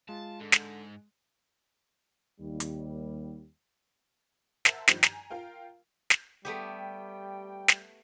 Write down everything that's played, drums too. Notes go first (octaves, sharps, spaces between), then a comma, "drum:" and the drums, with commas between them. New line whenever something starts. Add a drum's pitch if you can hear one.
G#3 F4 A5
G#2 D3
drum: snare
D#2 G3
drum: hi-hat
A#4 C5 E5 F#5 A5, drum: snare
G2 D#3 F3, drum: snare
G#5 A#5, drum: snare
F4 A#4 F5 G5
drum: snare
G3 A3 B3 G4 G5
drum: snare